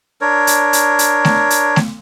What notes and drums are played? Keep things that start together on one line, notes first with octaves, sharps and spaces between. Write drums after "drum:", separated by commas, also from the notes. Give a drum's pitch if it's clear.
D4 A#4 C#5
drum: hi-hat
drum: hi-hat
drum: hi-hat
drum: snare A3
drum: hi-hat
drum: snare A3